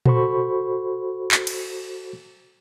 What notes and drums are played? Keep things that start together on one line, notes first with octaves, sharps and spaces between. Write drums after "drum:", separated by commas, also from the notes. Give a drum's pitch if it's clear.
F#4 A4 C5 B5 C#6, drum: tom A#2
drum: clap
drum: cymbal